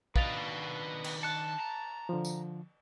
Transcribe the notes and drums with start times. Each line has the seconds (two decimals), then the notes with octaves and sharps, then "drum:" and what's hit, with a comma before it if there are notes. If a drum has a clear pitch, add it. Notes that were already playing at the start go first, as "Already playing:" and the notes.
0.16 D#3 D4 B4 D#5 F5 A6 F7, drum: kick
1.04 drum: cymbal
1.23 A5 F#6 C#7
1.60 A#5
2.09 D3 F3
2.25 drum: tambourine